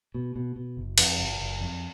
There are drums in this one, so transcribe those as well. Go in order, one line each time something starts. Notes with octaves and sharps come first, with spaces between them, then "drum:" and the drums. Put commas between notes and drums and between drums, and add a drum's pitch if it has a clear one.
B2
B2
B2
F#1
F2, drum: cymbal
F#1
F#1
F2